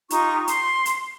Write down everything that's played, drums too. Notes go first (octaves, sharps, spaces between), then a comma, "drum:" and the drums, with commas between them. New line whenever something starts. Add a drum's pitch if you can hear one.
D#4 F4 G4 C#6, drum: hi-hat
C6, drum: hi-hat
drum: hi-hat